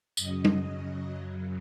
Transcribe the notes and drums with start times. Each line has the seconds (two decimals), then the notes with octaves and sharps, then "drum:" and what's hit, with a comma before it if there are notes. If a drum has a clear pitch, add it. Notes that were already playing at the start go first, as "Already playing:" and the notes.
0.17 F#2 C#3 F#3 D#5, drum: tambourine
0.44 drum: tom G3